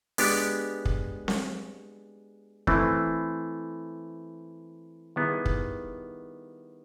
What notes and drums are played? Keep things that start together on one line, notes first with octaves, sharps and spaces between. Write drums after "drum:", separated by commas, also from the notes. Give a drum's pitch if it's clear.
G#3 B3 D4 G4, drum: open hi-hat
drum: kick
drum: snare C4
E3 A3 C4, drum: kick
D#3 G3 B3 E4 G#4
drum: kick